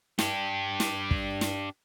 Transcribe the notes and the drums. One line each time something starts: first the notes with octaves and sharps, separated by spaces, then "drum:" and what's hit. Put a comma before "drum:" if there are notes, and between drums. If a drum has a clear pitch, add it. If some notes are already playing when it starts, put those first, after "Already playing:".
D4 G4, drum: snare
drum: snare
drum: kick
drum: snare